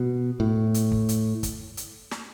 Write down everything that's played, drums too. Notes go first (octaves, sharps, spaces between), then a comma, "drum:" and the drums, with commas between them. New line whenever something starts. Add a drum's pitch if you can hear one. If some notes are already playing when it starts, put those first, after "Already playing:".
Already playing: B2
A2
drum: hi-hat
drum: kick
drum: hi-hat
drum: kick, hi-hat
drum: hi-hat
drum: snare